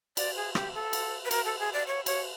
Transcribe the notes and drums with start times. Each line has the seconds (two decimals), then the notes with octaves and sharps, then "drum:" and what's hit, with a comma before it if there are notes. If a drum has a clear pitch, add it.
0.17 D5, drum: cymbal
0.36 G#4
0.55 G4, drum: rim click
0.74 A4
0.93 drum: cymbal
1.25 B4
1.31 A#4, drum: cymbal
1.45 A4
1.59 G#4
1.73 D5
1.87 C#5
2.06 C#5, drum: cymbal